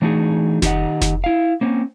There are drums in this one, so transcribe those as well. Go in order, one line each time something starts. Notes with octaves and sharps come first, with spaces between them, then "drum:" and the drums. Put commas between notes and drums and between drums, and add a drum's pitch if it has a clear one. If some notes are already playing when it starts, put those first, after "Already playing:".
E3 A3 D4 D#4 F#4 G#4
D#3 D#4 G4 B4 D#5 F#5, drum: snare F1
drum: snare F1
E4 F5
A#3 C4 C#4